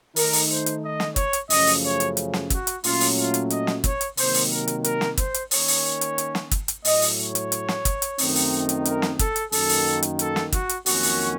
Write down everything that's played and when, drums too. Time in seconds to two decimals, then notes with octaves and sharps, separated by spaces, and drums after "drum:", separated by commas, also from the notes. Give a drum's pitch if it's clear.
0.16 D#3 A3 D#4 A#4, drum: open hi-hat
0.33 drum: open hi-hat
0.49 C5
0.66 drum: hi-hat
0.83 D#5
1.00 drum: snare
1.16 C#5, drum: kick G1, hi-hat
1.33 drum: hi-hat
1.50 F#2 C#3 F3 A3 C#4 D#5, drum: open hi-hat
1.67 drum: open hi-hat
1.83 C#5
2.00 drum: hi-hat
2.17 drum: hi-hat
2.33 drum: snare
2.50 F#4, drum: kick G1, hi-hat
2.67 drum: hi-hat
2.84 A#2 F#3 A3 C#4 F4, drum: open hi-hat
3.00 drum: open hi-hat
3.17 F4
3.34 drum: hi-hat
3.50 D#5, drum: hi-hat
3.67 drum: snare
3.84 C#5, drum: kick G1, hi-hat
4.01 drum: hi-hat
4.17 C3 D#3 F#3 A#3 C5, drum: open hi-hat
4.34 drum: open hi-hat
4.51 A#4
4.68 drum: hi-hat
4.84 A#4, drum: hi-hat
5.01 drum: snare
5.17 C5, drum: kick G1, hi-hat
5.34 drum: hi-hat
5.51 D#3 A#3 C#4 C#5, drum: open hi-hat
5.68 drum: open hi-hat
6.01 drum: hi-hat
6.18 drum: hi-hat
6.35 drum: snare
6.51 drum: kick G1, hi-hat
6.68 drum: hi-hat
6.85 A2 F#3 A3 D#5, drum: open hi-hat
7.02 drum: open hi-hat
7.19 C#5
7.35 drum: hi-hat
7.52 drum: hi-hat
7.68 drum: snare
7.85 drum: kick G1, hi-hat
8.02 drum: hi-hat
8.18 F#2 D#3 A3 C4 D#4, drum: open hi-hat
8.35 drum: open hi-hat
8.69 drum: hi-hat
8.85 A#4, drum: hi-hat
9.02 drum: snare
9.19 A4, drum: kick G1, hi-hat
9.36 drum: hi-hat
9.52 F#2 D#3 A#3 A4, drum: open hi-hat
9.69 drum: open hi-hat
10.03 drum: hi-hat
10.19 A4, drum: hi-hat
10.36 drum: snare
10.52 F#4, drum: kick G1, hi-hat
10.69 drum: hi-hat
10.86 F2 D#3 F#3 A#3 C#4 F#4, drum: open hi-hat
11.03 drum: open hi-hat